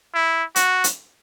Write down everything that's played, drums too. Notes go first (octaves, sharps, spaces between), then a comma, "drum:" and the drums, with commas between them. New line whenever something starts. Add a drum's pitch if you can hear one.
E4
F#4, drum: hi-hat
drum: hi-hat